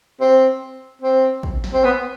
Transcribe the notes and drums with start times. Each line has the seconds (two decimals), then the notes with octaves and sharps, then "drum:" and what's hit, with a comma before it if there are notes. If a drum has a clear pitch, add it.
0.21 C4
1.02 C4
1.43 drum: kick
1.64 drum: snare
1.74 C4
1.85 B3